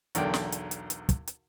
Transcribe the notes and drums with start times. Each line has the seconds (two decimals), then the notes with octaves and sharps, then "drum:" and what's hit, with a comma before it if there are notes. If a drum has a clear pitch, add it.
0.15 B1 E2 D3 A#4 D5 G5, drum: hi-hat
0.34 drum: snare
0.52 drum: hi-hat
0.71 drum: hi-hat
0.90 drum: hi-hat
1.09 drum: kick, hi-hat
1.27 drum: hi-hat